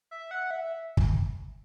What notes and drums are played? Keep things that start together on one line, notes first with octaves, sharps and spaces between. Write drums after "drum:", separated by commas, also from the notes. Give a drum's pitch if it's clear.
E5
F#5
E5
drum: kick